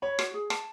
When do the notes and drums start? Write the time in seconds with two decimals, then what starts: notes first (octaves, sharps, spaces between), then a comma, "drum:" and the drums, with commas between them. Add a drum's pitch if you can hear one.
0.02 C#5 B5
0.19 F#4, drum: rim click
0.34 G#4
0.50 A5, drum: rim click